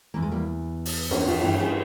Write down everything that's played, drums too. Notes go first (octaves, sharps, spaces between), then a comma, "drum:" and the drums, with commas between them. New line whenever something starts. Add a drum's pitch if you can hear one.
E2 E3 A#3
G#3
G3 A#3
drum: open hi-hat
A#3 C#4, drum: cymbal
C#4 F4
G2 E3 E4 G4
F4 G#4